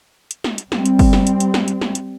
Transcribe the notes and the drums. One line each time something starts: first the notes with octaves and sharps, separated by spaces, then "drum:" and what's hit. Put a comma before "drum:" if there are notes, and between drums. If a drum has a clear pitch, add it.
drum: hi-hat
drum: snare
drum: hi-hat
G3 C4, drum: snare
drum: hi-hat
drum: kick, open hi-hat
drum: snare
drum: hi-hat
drum: hi-hat
drum: snare
drum: hi-hat
drum: snare
drum: hi-hat